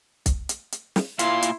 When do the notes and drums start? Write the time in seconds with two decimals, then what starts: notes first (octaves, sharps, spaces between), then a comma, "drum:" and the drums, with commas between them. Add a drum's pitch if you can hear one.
0.26 drum: kick B1, hi-hat
0.49 drum: hi-hat
0.72 drum: hi-hat
0.96 drum: snare
1.19 A#2 E4 F4 C6, drum: hi-hat
1.42 drum: hi-hat